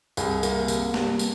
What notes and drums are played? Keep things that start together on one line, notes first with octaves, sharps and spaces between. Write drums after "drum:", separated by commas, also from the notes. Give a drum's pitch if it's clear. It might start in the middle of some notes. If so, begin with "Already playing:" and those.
C2 G#4, drum: tambourine
A#3, drum: tambourine
C3, drum: tambourine
G2, drum: snare A#3
drum: tambourine